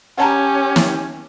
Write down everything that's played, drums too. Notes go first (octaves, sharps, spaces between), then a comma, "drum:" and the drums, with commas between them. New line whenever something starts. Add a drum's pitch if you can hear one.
C#4 G4 F#5 A5 A#5
drum: snare